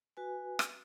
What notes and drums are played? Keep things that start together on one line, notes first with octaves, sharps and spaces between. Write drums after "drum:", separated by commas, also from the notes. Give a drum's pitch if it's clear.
F#4 B4 G#5
drum: rim click